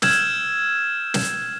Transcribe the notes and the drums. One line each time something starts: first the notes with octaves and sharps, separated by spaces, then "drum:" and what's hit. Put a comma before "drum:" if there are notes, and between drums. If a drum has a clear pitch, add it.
E6 F6 G6 G#6 E7 F#7, drum: snare
drum: snare